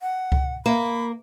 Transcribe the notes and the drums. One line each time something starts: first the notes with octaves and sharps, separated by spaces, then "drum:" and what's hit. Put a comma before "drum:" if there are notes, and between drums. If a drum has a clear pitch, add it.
F#5
drum: kick C#2
A#3 B5